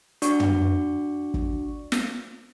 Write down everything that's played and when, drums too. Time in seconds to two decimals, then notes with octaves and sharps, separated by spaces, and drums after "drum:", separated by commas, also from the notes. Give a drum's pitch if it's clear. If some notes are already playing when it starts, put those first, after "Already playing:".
0.22 D4 F#4 D5 C#6, drum: hi-hat
0.40 drum: tom
1.34 drum: kick
1.92 drum: snare